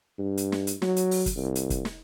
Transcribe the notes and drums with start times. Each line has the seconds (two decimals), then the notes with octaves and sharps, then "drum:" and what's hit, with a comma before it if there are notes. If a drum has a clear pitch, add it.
0.19 G2
0.37 drum: hi-hat
0.52 drum: snare
0.67 drum: hi-hat
0.82 F#3, drum: snare
0.96 drum: hi-hat
1.11 drum: open hi-hat
1.26 drum: kick, hi-hat
1.36 C2
1.55 drum: hi-hat
1.70 drum: kick, hi-hat
1.85 drum: snare